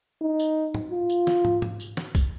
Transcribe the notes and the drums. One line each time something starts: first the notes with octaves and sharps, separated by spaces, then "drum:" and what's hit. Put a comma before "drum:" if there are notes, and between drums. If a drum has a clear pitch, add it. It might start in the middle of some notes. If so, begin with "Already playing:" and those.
D#4
drum: tambourine
drum: tom A2
F4
drum: tambourine
drum: snare
drum: tom
drum: tom
drum: tambourine
drum: snare
drum: kick, tambourine